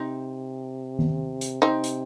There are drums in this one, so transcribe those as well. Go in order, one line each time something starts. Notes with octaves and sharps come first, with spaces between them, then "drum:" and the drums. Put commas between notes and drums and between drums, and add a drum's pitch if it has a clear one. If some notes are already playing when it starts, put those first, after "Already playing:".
Already playing: C3 C4 D#4
drum: tom D#3
drum: hi-hat
C3 C4 D#4
drum: hi-hat